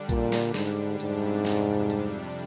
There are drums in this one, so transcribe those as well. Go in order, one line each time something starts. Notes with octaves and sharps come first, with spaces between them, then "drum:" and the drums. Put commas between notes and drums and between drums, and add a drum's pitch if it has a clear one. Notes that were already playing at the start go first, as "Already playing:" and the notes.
Already playing: D3 G3 D4
A#2, drum: kick, hi-hat
drum: snare
G#2, drum: snare
F2 G#2 C3 G3 D4, drum: hi-hat
drum: snare
drum: hi-hat